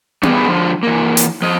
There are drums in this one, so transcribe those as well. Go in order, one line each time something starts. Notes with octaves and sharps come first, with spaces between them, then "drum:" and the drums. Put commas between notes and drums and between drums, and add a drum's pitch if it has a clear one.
G3 A3 B3 E4 G4 G#4, drum: tom B3
D3 F3
E3 A#3
drum: hi-hat
F3 D#5